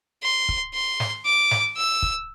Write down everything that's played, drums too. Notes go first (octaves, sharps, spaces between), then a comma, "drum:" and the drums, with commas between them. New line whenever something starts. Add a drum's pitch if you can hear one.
C6
drum: kick
C6
drum: snare
D6
drum: snare
E6
drum: kick